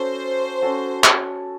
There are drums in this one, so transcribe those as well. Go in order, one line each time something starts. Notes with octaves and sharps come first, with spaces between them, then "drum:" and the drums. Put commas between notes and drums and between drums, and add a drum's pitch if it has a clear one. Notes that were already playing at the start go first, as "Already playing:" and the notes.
Already playing: C#4 F#4 A4 C5
C#4 F#4 A4
drum: clap